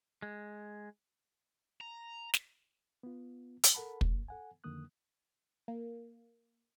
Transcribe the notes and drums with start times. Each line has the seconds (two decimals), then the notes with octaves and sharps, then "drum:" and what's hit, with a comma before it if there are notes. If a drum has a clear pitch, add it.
0.22 G#3
1.81 A#5
2.34 drum: snare
3.03 B3 F4
3.63 drum: hi-hat
3.74 A4 A#4 F#5 A5 B5
4.01 F2 A#3, drum: kick
4.28 A4 F#5 G#5
4.64 F2 D3 D#3 A#3 D#6 F#6
5.68 A#3